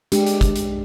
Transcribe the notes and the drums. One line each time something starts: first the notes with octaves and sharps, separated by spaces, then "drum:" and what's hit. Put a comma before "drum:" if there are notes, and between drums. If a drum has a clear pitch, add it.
G#3 D4 G4, drum: hi-hat
drum: hi-hat
drum: kick, hi-hat
drum: hi-hat